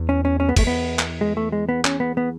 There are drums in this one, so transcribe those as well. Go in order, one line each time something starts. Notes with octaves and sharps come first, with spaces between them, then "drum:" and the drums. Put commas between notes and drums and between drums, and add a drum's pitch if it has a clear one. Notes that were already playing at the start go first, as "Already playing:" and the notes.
Already playing: E2
C#4
C#4
C#4
B3
E2 A3, drum: kick, cymbal
B3
drum: clap
G#3
A3
G#3
B3
C#4, drum: clap
B3
B3